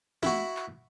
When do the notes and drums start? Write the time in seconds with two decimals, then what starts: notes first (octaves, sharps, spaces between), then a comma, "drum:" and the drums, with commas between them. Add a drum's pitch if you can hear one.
0.23 E4 F#4, drum: snare
0.57 drum: clap